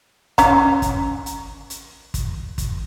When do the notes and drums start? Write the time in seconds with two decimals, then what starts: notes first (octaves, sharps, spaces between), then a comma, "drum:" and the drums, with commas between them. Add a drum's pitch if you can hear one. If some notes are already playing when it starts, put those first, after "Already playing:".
0.38 C#4 A#5, drum: kick, hi-hat
0.82 drum: kick, hi-hat
1.26 drum: hi-hat
1.70 drum: hi-hat
2.14 drum: kick, hi-hat
2.58 drum: kick, hi-hat